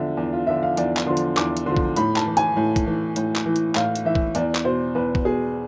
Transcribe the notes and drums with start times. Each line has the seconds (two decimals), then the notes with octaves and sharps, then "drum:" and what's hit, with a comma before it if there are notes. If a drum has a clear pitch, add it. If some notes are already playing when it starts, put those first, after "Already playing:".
Already playing: E2 D3 F3 E5
0.17 E2
0.33 F4
0.47 D3 F3 E5
0.63 F5
0.77 E2 D5, drum: hi-hat
0.97 drum: clap
1.06 D3 F3 C6
1.17 drum: hi-hat
1.37 E2 D6, drum: clap
1.57 drum: hi-hat
1.66 D3 F3 C6
1.77 drum: kick A#1
1.96 A2 B5, drum: hi-hat
2.16 A5, drum: clap
2.26 E3
2.37 G#5, drum: hi-hat
2.57 A2
2.76 drum: kick A#1, hi-hat
2.86 E3
3.16 A2, drum: hi-hat
3.36 drum: clap
3.46 E3
3.56 drum: hi-hat
3.75 A2 F5, drum: clap
3.95 drum: hi-hat
4.05 E3 E5
4.15 drum: kick A#1
4.35 E2 D5, drum: hi-hat
4.55 drum: clap
4.65 B2 C5
4.95 E2 B4
5.15 drum: kick A#1
5.25 B2 G#4